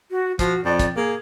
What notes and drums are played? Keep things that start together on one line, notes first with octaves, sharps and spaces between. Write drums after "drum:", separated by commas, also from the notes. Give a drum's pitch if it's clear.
F#4
F3 F#4, drum: kick, hi-hat
F2 D5
drum: kick, hi-hat
A#3 G#4